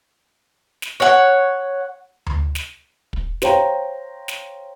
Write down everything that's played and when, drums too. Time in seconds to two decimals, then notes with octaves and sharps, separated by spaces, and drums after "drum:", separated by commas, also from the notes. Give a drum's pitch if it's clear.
0.82 drum: snare
1.00 C#5 F#5
2.26 drum: tom D2
2.55 drum: snare
3.13 drum: kick
3.42 C5 C#5 F5 G5 A#5, drum: snare
4.28 drum: snare